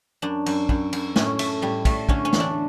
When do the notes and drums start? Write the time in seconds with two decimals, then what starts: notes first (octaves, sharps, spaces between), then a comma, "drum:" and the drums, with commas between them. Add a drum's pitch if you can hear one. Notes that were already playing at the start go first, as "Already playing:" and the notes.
0.22 F#2 D4
0.46 F#2, drum: cymbal
0.69 F#2, drum: kick A#1
0.93 F#2, drum: cymbal
1.16 A2 C#4, drum: snare
1.39 A2 A3, drum: cymbal
1.62 A2 G3
1.85 A2 A3, drum: kick A#1, cymbal
2.09 D3 C#4, drum: kick A#1
2.25 C#4
2.33 E2, drum: snare
2.40 D4